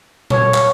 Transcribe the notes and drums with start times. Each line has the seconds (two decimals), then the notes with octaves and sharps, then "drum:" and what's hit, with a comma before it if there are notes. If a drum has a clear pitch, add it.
0.30 C#5, drum: tom A#2
0.54 drum: clap